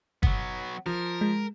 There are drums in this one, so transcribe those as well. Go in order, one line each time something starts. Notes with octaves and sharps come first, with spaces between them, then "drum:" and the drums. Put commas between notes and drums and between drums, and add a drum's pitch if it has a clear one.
F#3 B3, drum: kick
F3 A#4
G#3